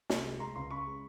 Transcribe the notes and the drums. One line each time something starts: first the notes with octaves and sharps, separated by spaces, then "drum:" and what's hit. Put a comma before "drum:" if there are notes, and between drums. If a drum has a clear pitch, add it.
C2, drum: snare
G#3
G#3 A#5 C6
C#2 A#5 C6
C#3 B5 C#6
G#3